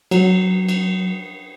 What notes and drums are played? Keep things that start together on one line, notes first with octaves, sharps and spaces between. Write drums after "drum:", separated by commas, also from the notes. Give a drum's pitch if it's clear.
F#3, drum: cymbal
drum: cymbal